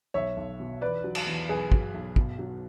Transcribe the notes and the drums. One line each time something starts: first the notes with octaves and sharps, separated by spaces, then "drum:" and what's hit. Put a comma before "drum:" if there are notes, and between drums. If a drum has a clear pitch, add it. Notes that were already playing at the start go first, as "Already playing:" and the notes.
B1 C#5 E5
B1
B2
E2 B4 D5
F#3
drum: cymbal
E2
B1 G#4 B4
F#3, drum: kick
B1
B2, drum: kick
F#3